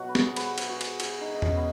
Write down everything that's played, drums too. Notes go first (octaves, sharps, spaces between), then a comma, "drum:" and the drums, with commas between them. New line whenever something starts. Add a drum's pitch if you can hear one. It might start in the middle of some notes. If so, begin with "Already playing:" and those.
Already playing: B2 F#3 F#4
B4
G#4, drum: snare
B4, drum: cymbal
G#4, drum: cymbal
F#4
G#4, drum: cymbal
F#4, drum: cymbal
D#4
D#4
B2 G#3 C#4, drum: tom E2
B3